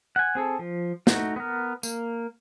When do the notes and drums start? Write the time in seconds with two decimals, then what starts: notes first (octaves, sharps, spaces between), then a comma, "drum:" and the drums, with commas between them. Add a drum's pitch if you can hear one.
0.16 F#5 G#5
0.35 C4 G#4 A4
0.59 F3
1.07 A3 D#4 F#4, drum: snare
1.36 B3 A#4
1.83 A#3, drum: tambourine